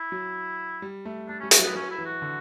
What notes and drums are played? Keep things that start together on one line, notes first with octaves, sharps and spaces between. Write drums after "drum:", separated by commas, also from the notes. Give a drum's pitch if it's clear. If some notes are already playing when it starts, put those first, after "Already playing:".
Already playing: E4
F#3
G3
A3
A3 D4
C#4
G3
C#4, drum: hi-hat
F#3 B3
F#3 C#4
E4
E3
F#4
D3